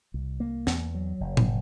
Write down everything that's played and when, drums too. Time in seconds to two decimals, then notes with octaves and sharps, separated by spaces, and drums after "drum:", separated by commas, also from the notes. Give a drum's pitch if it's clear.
0.14 C2
0.40 A#3
0.67 E2, drum: snare
0.95 F#3
1.20 F#1
1.37 drum: tom A2